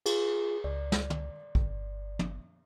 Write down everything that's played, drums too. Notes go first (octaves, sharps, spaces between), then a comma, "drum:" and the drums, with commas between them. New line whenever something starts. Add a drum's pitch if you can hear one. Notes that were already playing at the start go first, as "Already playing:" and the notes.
F4 G#4, drum: cymbal
C#2 D5
drum: snare
drum: tom
G1, drum: kick
drum: tom